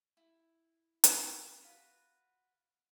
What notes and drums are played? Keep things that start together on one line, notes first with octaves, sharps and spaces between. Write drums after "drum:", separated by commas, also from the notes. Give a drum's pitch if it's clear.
E4
drum: hi-hat
F4 F#4 B4 F#5